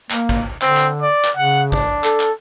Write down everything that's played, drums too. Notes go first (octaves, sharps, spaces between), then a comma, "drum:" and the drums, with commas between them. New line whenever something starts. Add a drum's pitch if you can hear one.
A#3, drum: clap
drum: kick G#1
D3 C4, drum: clap
drum: clap
D5
drum: clap
C#3 F#5
D4, drum: kick G#1
A4, drum: clap
drum: clap